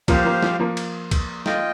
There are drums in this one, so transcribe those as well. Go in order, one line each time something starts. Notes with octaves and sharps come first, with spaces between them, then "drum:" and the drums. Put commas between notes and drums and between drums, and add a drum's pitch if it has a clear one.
F3 A#3 G4 C5 F5, drum: kick, cymbal
F3 A#3
F3, drum: snare
F3 A#3
drum: cymbal
drum: kick, cymbal
F4 D#5 G5, drum: snare